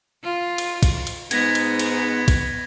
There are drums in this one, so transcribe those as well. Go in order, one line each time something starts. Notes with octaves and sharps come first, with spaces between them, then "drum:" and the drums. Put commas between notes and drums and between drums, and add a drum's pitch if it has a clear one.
F4
drum: cymbal
drum: kick, cymbal
drum: cymbal
G#2 B3 G#6 A#6 B6, drum: cymbal
drum: cymbal
drum: cymbal
drum: kick, cymbal